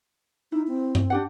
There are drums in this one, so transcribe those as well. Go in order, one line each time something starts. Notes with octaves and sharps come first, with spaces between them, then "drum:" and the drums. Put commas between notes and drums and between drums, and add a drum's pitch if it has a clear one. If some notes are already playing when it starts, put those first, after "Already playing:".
D#4 E4
C4
drum: tom G2
D4 G4 F#5